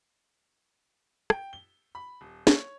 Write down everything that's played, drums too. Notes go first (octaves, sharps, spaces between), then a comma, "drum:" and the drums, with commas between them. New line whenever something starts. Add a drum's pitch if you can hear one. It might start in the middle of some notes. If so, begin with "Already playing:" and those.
G5, drum: rim click
G7
B5
D#1
C#5, drum: snare